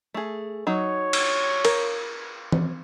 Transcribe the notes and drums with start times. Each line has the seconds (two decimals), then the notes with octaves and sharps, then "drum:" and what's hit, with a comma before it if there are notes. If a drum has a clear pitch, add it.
0.14 A3 G#4
0.67 F#3 D#4 C#5
1.13 drum: cymbal
1.65 A#4, drum: cymbal
2.52 drum: tom E3